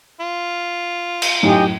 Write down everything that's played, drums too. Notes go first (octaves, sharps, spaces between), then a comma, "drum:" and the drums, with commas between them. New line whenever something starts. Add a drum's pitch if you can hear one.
F4
drum: cymbal
F#2 A2 D#4 G4 G#5